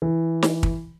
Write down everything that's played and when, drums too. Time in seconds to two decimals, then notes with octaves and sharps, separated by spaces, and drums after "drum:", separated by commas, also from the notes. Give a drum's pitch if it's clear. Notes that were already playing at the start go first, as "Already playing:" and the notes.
0.02 E3
0.43 drum: snare
0.63 drum: kick